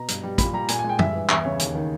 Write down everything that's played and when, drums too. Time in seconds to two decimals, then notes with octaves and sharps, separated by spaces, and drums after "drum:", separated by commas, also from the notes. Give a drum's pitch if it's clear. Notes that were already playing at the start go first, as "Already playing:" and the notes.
Already playing: B2 A#5
0.08 G2, drum: hi-hat
0.23 G3
0.38 A#2 B5, drum: kick, hi-hat
0.53 G3 A#5
0.68 A#2 G#5, drum: hi-hat
0.79 G#5
0.84 G#3
0.89 G5
0.99 G2 E5, drum: tom
1.14 E3
1.29 E2 E5, drum: clap
1.44 C#3 C#5
1.59 D#2, drum: hi-hat
1.75 D#3